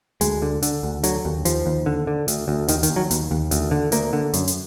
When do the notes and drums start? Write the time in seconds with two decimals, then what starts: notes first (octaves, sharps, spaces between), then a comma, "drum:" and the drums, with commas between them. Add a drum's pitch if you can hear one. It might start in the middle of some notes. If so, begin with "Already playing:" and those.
0.21 D2 G#3, drum: hi-hat
0.42 D3
0.62 D3, drum: hi-hat
0.83 D2
1.03 D3 F#3, drum: hi-hat
1.25 D#2
1.45 D#2 F3, drum: hi-hat
1.66 D#2
1.86 D3
2.07 D3
2.28 D2, drum: hi-hat
2.48 D2
2.68 D#2 D#3, drum: hi-hat
2.83 D#3, drum: hi-hat
2.89 D#2
2.96 F#3
3.11 D#2, drum: hi-hat
3.31 D#2
3.51 D2, drum: hi-hat
3.71 D3
3.92 D2 A#3, drum: hi-hat
4.13 D3
4.33 F#2, drum: hi-hat
4.48 drum: hi-hat